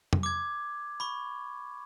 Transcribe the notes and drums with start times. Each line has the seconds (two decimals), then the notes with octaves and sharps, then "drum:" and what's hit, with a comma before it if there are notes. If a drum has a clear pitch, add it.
0.13 drum: tom
0.23 D6 G#6
1.00 B5 C#6